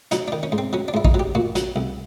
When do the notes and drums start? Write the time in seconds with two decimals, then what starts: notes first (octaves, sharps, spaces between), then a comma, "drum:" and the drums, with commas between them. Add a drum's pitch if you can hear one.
0.11 F#3 D#4, drum: hi-hat
0.28 D#3 D4
0.43 C#4
0.52 G#2
0.58 C4
0.73 F#3 C#4
0.88 D4
0.94 G#2 E4
1.05 D#4, drum: kick A#1
1.14 F#3
1.19 G4
1.35 A#2 F#4
1.55 F#3, drum: hi-hat
1.76 C2